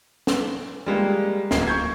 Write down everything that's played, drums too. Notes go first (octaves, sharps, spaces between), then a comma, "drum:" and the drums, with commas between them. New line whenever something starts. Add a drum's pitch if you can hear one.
drum: snare
G3 G#3 A#3
D1 A#3 C7, drum: snare
C#6 G6 G#6